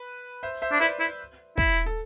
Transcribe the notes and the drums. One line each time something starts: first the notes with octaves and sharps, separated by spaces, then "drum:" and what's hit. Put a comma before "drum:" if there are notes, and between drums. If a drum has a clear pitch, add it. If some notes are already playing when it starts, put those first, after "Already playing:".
Already playing: B4
C5 E5
C5 E5
D4
E4 B4 D5
E4
E4, drum: kick
A4